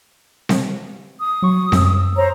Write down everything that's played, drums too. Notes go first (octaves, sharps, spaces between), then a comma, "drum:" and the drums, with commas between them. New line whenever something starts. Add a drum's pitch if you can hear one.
drum: snare C4
D#6
F#3 C#6
F#2 E6, drum: snare C4
C5 C#5 A#5